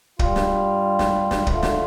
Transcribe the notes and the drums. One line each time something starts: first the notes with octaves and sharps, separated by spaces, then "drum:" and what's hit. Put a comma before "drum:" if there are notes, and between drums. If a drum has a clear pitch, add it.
G2 G3 F4, drum: kick
drum: snare
drum: snare
drum: snare
D3 A3 F4, drum: kick
drum: snare